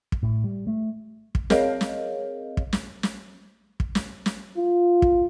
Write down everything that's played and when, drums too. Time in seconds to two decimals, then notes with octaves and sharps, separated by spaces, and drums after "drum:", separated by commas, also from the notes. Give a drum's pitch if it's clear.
0.12 drum: kick
0.23 A2
0.44 G3
0.67 A3
1.35 drum: kick
1.50 C4 G#4 A#4 C#5 D#5 F5, drum: snare
1.81 drum: snare
2.57 drum: kick
2.73 drum: snare
3.03 drum: snare
3.80 drum: kick
3.95 drum: snare
4.26 drum: snare
4.57 F4
5.02 drum: kick